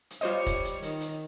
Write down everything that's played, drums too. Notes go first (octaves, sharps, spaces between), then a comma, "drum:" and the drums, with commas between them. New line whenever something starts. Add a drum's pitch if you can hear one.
drum: hi-hat
G3 F4 C5 C#5 D#5
drum: kick, hi-hat
drum: hi-hat
D#3, drum: hi-hat
drum: hi-hat